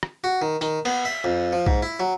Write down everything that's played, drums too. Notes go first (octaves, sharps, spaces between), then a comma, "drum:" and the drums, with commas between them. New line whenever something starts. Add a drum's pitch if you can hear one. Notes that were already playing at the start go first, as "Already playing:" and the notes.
drum: rim click
F#4
D#3
D#3, drum: tambourine
B3, drum: cymbal
E5
F2
F3
G#2, drum: kick B1
E4
F#3